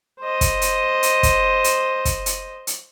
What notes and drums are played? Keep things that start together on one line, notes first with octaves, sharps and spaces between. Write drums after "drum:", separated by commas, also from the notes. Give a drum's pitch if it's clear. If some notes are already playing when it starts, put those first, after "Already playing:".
C5 D#5
drum: kick, hi-hat
drum: hi-hat
drum: hi-hat
drum: kick, hi-hat
drum: hi-hat
drum: kick, hi-hat
drum: hi-hat
drum: hi-hat